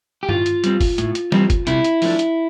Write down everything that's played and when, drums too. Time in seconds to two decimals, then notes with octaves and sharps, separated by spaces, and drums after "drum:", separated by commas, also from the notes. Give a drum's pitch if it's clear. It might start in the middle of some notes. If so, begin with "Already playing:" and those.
0.23 G4
0.29 A2 F4, drum: tom G2
0.46 drum: hi-hat
0.64 G3 C4, drum: hi-hat
0.81 drum: kick F#1, open hi-hat
0.98 A2, drum: hi-hat
1.15 drum: hi-hat
1.32 G3 C4, drum: snare
1.50 drum: kick F#1, hi-hat
1.67 C3 E4, drum: hi-hat
1.84 drum: hi-hat
2.02 F3 A3 D4, drum: open hi-hat
2.19 drum: hi-hat